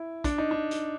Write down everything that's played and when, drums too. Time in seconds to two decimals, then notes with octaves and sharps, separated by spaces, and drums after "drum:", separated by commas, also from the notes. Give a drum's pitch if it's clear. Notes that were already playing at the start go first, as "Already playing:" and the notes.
Already playing: E4
0.24 D4, drum: kick, hi-hat
0.38 D#4
0.51 D4
0.71 drum: hi-hat